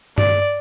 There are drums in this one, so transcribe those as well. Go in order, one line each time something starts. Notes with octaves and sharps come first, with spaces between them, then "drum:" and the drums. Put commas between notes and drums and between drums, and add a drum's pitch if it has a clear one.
D5, drum: tom G2